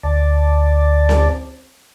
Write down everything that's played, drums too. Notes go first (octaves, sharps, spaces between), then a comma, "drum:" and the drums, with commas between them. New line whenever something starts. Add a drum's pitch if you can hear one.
D2 D5 A5
drum: snare C4